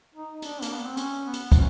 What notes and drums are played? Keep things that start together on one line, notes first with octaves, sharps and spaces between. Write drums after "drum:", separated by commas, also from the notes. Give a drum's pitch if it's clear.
D#4
D4, drum: hi-hat
A#3, drum: hi-hat
B3
C4
C#4, drum: hi-hat
B3
drum: hi-hat
C#4, drum: kick, hi-hat